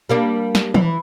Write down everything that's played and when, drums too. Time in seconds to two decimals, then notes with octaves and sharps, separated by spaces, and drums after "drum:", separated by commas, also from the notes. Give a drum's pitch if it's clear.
0.09 G3 A#3 D4
0.55 drum: snare
0.74 E3, drum: tom E3